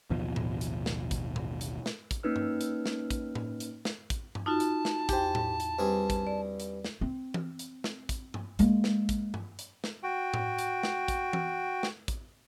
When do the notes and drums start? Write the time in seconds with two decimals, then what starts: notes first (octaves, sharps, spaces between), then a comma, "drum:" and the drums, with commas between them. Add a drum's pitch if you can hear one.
0.10 A1 D#2 B2 F3
0.36 drum: tom A2
0.61 drum: hi-hat
0.86 drum: snare
1.11 drum: kick, hi-hat
1.36 drum: tom A2
1.61 drum: hi-hat
1.86 drum: snare
2.11 drum: kick, hi-hat
2.23 A#3 C#4 D#4 B4 F6
2.36 drum: tom G2
2.61 drum: hi-hat
2.86 drum: snare
3.11 drum: kick, hi-hat
3.35 drum: tom A2
3.60 drum: hi-hat
3.85 drum: snare
4.10 drum: kick, hi-hat
4.35 drum: tom G2
4.46 D#4 F4 F#4 A5
4.60 drum: hi-hat
4.85 drum: snare
5.09 E2 G4 C5 G5, drum: kick, hi-hat
5.35 drum: tom A2
5.60 drum: hi-hat
5.79 G2 C4 G#4
6.10 drum: kick, hi-hat
6.27 D5
6.60 drum: hi-hat
6.85 drum: snare
7.01 C4
7.34 drum: tom E3
7.59 drum: hi-hat
7.84 drum: snare
8.09 drum: kick, hi-hat
8.34 drum: tom G2
8.59 G#3 A#3, drum: hi-hat
8.84 drum: snare
9.09 drum: kick, hi-hat
9.34 drum: tom G2
9.59 drum: hi-hat
9.84 drum: snare
10.03 F#4 G5
10.34 drum: tom A2
10.59 drum: hi-hat
10.83 drum: snare
11.08 drum: kick, hi-hat
11.33 drum: tom E3
11.83 drum: snare
12.08 drum: kick, hi-hat